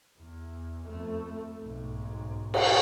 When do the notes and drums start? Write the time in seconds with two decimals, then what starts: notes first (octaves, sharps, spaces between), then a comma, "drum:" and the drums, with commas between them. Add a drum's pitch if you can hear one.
0.19 E2
0.85 F2 A3
1.58 B1 G#2
2.54 drum: cymbal